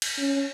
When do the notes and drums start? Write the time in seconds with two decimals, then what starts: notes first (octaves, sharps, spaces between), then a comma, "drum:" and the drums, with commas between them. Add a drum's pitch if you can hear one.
0.02 drum: cymbal
0.18 C#4